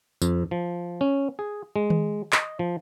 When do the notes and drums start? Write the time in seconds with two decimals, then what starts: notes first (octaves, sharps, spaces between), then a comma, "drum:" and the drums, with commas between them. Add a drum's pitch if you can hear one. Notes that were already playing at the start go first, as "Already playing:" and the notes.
0.22 F2, drum: tambourine
0.51 F3
1.01 C#4
1.39 G#4
1.76 G#3
1.90 drum: tom D#3
2.32 D#5, drum: clap
2.59 F3